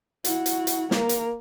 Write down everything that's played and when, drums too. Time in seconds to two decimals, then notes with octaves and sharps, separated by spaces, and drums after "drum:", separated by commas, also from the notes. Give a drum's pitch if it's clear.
0.24 E4 F#4, drum: hi-hat
0.46 drum: hi-hat
0.67 drum: hi-hat
0.91 A#3 A#4, drum: snare
1.09 drum: hi-hat